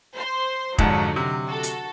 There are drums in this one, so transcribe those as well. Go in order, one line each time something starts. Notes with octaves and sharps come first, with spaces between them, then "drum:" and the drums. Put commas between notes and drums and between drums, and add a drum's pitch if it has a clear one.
C5 C6
F2 G#2 D3 F#3 D#4 A5, drum: kick F1
C3
F#4 A4 A5
drum: hi-hat